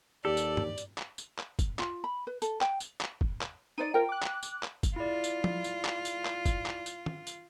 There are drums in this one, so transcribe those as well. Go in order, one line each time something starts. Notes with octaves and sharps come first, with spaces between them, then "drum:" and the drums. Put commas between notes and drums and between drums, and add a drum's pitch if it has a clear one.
D#2 G4 A4 D5
drum: tambourine
drum: tom
drum: tambourine
drum: clap
drum: tambourine
drum: clap
drum: kick, tambourine
F4, drum: clap
B5
B4
A4, drum: tambourine
G5, drum: clap
drum: tambourine
drum: clap
drum: kick
drum: clap
D#4 C5 D5 D#7
F4 A#4 C5 G5
D6 F#6
drum: clap
drum: tambourine
drum: clap
drum: kick, tambourine
E4 F4 G#4 D5
drum: tambourine
drum: tom F3
drum: tambourine
drum: clap
drum: tambourine
drum: clap
drum: kick, tambourine
drum: clap
drum: tambourine
drum: tom
drum: tambourine